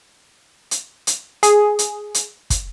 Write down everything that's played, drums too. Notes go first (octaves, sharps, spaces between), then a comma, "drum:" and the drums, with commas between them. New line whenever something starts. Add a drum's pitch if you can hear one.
drum: hi-hat
drum: hi-hat
G#4, drum: hi-hat
drum: hi-hat
drum: hi-hat
drum: kick, hi-hat